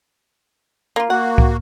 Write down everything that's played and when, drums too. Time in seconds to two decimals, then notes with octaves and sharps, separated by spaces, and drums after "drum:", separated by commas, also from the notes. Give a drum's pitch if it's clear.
0.96 A#3 F4
1.10 A#3 F#4 F#5
1.38 drum: kick C2